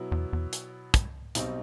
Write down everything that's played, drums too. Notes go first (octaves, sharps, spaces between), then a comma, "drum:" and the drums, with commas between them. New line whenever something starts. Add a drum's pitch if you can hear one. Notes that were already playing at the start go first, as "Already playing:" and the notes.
Already playing: B2 F#3 B3 E4
E2
E2
drum: hi-hat
drum: kick, hi-hat
B1 B2 G3 C4 D#4, drum: hi-hat